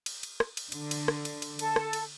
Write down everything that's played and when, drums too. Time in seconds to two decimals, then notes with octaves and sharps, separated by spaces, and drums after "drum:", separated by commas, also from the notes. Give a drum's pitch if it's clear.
0.06 drum: cymbal
0.23 drum: cymbal
0.40 drum: rim click
0.57 drum: cymbal
0.72 D3, drum: cymbal
0.91 drum: cymbal
1.08 drum: rim click
1.25 drum: cymbal
1.42 drum: cymbal
1.59 A4, drum: cymbal
1.76 drum: rim click
1.93 drum: cymbal